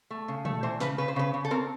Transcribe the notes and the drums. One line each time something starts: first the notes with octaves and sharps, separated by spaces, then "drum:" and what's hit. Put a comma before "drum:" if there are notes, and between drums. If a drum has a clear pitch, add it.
A3
C#3
A3, drum: tom
E3 C5
C#3 B4, drum: snare
C#3 B4
C5
C#3 B4
C#3
A4
C4 A#4